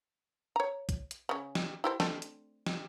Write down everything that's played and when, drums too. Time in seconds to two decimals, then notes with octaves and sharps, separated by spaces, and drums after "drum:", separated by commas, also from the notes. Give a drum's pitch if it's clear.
0.56 C#5 A#5
0.89 drum: kick B1, hi-hat
1.11 drum: hi-hat
1.29 C#3 C#4
1.55 drum: snare
1.84 E4 G4 C5
2.00 A3 C4 D4, drum: snare
2.22 drum: hi-hat
2.67 drum: snare